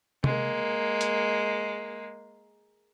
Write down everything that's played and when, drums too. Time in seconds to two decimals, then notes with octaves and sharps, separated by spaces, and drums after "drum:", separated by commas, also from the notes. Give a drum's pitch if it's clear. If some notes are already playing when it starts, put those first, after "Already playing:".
0.24 G#3 A#3, drum: tom
1.01 drum: hi-hat